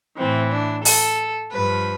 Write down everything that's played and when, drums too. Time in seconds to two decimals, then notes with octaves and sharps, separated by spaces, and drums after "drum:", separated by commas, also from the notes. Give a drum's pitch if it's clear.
0.18 A2 E3 C4
0.52 D4
0.85 A4, drum: open hi-hat
1.53 G2 F3 B4